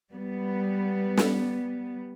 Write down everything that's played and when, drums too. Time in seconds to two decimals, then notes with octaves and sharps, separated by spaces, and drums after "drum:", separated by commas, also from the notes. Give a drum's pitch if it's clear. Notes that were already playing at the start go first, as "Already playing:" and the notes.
0.10 G3 B3
1.17 drum: snare